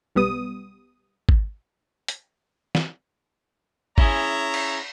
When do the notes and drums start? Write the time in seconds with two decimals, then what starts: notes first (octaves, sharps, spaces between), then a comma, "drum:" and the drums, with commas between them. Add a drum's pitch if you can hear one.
0.15 B1 G3 B3 D#6
1.29 drum: kick G#1
2.08 drum: hi-hat
2.75 drum: snare
3.98 C#4 E4 G#4 C#5 E5 A#5, drum: kick G#1
4.54 drum: cymbal